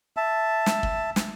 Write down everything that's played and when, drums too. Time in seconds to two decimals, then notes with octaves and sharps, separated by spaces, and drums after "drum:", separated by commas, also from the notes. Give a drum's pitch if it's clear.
0.17 E5 A5
0.66 drum: snare
0.83 drum: kick
1.16 drum: snare